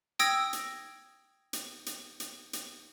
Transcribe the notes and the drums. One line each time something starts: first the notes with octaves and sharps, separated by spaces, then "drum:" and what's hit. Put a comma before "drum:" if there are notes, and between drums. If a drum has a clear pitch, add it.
G5 D#6 E6 G#6 A#6 D7, drum: hi-hat
drum: hi-hat
drum: hi-hat
drum: hi-hat
drum: hi-hat
drum: hi-hat